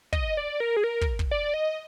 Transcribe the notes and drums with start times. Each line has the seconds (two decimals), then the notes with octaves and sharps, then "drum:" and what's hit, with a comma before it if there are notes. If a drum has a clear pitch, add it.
0.13 D#5, drum: kick
0.37 D5
0.60 A#4
0.77 G#4
0.84 A#4
1.01 drum: kick
1.19 drum: kick
1.31 D5
1.54 D#5